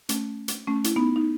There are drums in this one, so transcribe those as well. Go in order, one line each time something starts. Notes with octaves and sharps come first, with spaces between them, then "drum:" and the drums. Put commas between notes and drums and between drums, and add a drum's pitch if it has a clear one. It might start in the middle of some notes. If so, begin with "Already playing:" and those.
A3 C#4, drum: hi-hat
drum: hi-hat
A3 C#4
E4, drum: hi-hat
B3 D#4
D#4